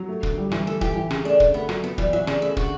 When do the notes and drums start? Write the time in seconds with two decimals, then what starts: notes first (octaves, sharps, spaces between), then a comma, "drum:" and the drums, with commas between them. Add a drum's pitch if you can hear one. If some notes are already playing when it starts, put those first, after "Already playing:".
Already playing: F#3
0.09 A3
0.23 D3, drum: kick
0.38 G3
0.52 E3, drum: rim click
0.67 A3 A4
0.81 E3 G4, drum: kick
0.96 E3
1.11 C#3, drum: rim click
1.25 A3 D4
1.40 D3, drum: kick
1.54 A3 B3
1.69 F#3, drum: rim click
1.84 A3 B3
1.98 E3 G3, drum: kick
2.13 E3 F#3
2.27 C#3 D4, drum: rim click
2.42 A3 E4
2.57 D3 F#4, drum: kick